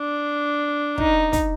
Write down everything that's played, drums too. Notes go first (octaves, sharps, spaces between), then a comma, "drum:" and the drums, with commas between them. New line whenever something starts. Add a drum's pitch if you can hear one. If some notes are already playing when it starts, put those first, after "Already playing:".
Already playing: D4
D#4, drum: kick
drum: kick, hi-hat